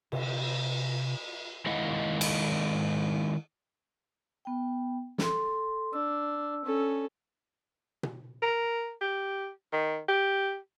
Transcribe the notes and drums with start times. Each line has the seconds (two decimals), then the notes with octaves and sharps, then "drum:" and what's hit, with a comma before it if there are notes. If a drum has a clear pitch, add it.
0.12 C3, drum: cymbal
1.66 D#3 G#3 E4 D#5 F5 F#5
2.21 drum: cymbal
4.45 B3 G5
5.18 A4 C6, drum: snare
5.93 D4 E6
6.65 C#4 A4
8.03 drum: tom B2
8.42 A#4
9.01 G4
9.73 D#3
10.09 G4